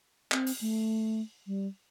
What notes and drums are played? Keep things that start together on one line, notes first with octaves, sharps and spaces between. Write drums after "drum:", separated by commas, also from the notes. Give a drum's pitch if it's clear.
C4, drum: clap
drum: open hi-hat
A3
G3